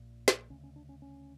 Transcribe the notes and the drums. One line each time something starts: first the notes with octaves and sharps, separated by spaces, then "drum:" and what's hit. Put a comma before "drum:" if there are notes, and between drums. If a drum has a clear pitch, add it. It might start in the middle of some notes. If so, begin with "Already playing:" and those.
Already playing: A#1 A#2
drum: snare
D2 C#3 C#4
C#4
D4
C#4
C#4